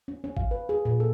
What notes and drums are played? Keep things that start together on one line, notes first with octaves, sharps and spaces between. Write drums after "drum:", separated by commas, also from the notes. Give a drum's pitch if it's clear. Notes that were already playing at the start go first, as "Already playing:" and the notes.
C#4
C#4
F5, drum: kick
B4
G#4
A#2
A4